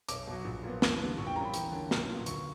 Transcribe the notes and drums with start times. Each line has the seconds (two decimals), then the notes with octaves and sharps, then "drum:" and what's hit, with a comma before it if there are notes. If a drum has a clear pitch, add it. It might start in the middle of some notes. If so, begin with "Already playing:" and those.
0.08 B1 D6, drum: hi-hat
0.27 B2 F#3
0.45 A#1
0.63 A#2 F#3 B3
0.82 E2, drum: snare
1.00 D3 G3 B3
1.18 A#1 C#6
1.27 G5
1.36 A#2 G3 C#4 A#5
1.45 B5
1.54 E2 G5, drum: hi-hat
1.72 D3 A#3 C#4
1.91 B1, drum: snare
2.09 A#2 F#3 B3
2.26 D2 C#6, drum: hi-hat